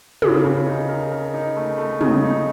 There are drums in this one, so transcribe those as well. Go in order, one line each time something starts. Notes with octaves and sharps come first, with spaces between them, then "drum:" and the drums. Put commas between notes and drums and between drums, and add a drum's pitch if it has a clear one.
C#3, drum: tom
C#3
D#4
A#4
A#4
D#4
A3
A3
C#3, drum: tom
D#4